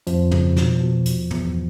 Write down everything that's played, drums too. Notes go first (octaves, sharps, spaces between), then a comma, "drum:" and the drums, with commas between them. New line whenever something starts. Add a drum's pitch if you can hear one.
F2 F3, drum: hi-hat
C#3, drum: tom
B2, drum: snare
B2
E2, drum: hi-hat
E2, drum: tom